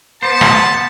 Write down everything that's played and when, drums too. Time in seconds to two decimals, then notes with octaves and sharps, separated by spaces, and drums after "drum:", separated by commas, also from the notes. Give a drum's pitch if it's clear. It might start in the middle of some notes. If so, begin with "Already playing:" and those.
0.23 B3 C5 A5
0.41 drum: rim click